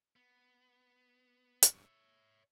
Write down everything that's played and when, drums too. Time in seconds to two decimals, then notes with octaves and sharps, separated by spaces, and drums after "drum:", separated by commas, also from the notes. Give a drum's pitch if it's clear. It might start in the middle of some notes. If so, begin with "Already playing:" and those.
0.16 B3
1.63 drum: hi-hat
1.83 C#5 E5